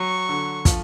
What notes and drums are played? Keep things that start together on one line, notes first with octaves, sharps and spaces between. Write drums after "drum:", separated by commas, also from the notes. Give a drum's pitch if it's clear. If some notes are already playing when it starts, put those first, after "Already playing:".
Already playing: F#3 C#6
D3
F3, drum: kick, hi-hat